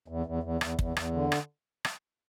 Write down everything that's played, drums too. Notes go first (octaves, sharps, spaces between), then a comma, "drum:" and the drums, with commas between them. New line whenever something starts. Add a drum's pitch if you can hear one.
E2
E2
E2
E2, drum: rim click
E2, drum: kick
E2, drum: rim click
D3
drum: rim click
drum: rim click